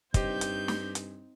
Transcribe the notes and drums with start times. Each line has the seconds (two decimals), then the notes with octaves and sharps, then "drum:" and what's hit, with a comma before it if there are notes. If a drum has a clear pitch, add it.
0.14 G2 C4 D#4 G4 C5 D#5 G6, drum: kick, hi-hat
0.41 drum: hi-hat
0.68 drum: snare
0.95 drum: hi-hat